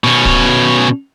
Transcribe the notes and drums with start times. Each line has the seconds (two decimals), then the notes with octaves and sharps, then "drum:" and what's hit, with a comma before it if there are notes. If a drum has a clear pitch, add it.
0.04 B2 C#4
0.25 drum: kick